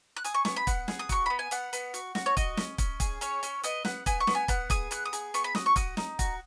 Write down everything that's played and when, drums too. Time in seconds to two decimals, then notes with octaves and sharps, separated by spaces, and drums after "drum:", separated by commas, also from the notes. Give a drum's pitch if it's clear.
0.16 F#6
0.24 G#4 D#6, drum: hi-hat
0.34 C#6
0.45 B3 C#6, drum: snare
0.56 B5
0.67 B3 F#5, drum: kick, hi-hat
0.88 G#4, drum: snare
0.99 D#6
1.09 F#4 C#6, drum: kick, hi-hat
1.26 B3 B5
1.39 G#5
1.51 B3 F#5, drum: hi-hat
1.73 B3, drum: hi-hat
1.94 F#4, drum: hi-hat
2.15 F#4, drum: snare
2.26 C#5
2.37 F#4 D#5, drum: kick, hi-hat
2.57 C#4, drum: snare
2.78 C#4, drum: kick, hi-hat
3.00 G#4, drum: kick, hi-hat
3.21 C#4 C#5, drum: hi-hat
3.43 C#4, drum: hi-hat
3.63 B3 D#5, drum: hi-hat
3.85 B3 F#5, drum: snare
4.06 B3 G#5, drum: kick, hi-hat
4.20 C#6
4.27 B3, drum: snare
4.35 G#5
4.48 B3 F#5, drum: kick, hi-hat
4.70 G#4 D#6, drum: kick, hi-hat
4.91 B3 F#6, drum: hi-hat
5.06 D#6
5.13 G#4, drum: hi-hat
5.34 B3 C#6, drum: hi-hat
5.44 B5
5.55 F#4 D#6, drum: snare
5.66 C#6
5.76 F#4 D#6, drum: kick, hi-hat
5.97 D#4, drum: snare
6.19 F#4, drum: kick, hi-hat